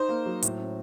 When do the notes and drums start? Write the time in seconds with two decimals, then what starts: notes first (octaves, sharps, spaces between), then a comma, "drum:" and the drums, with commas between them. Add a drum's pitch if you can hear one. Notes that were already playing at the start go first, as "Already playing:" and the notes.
Already playing: D#4 C5
0.09 A#3
0.26 F#3
0.42 A2, drum: hi-hat
0.59 C#4